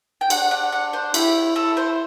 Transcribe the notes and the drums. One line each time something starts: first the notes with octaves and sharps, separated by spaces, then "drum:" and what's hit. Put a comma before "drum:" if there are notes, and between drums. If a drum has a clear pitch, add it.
G5
D4 F#5, drum: cymbal
F#5
F#5
C5
E4 G4, drum: cymbal
E4 A4
C5